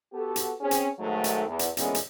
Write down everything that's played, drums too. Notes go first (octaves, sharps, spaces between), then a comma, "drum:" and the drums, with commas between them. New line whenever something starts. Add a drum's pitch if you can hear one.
B3 F#4 G4 A4
drum: hi-hat
C4 C#4 G#4
drum: hi-hat
G#2 D#3 F#3 A3
drum: hi-hat
E2
drum: hi-hat
A#2 D3 E3 G#3 B3 C#4, drum: hi-hat
drum: hi-hat